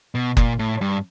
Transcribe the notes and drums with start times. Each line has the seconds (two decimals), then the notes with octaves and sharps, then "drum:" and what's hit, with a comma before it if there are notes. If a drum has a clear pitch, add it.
0.15 B2
0.37 A#2, drum: kick F#1
0.59 A2
0.81 G2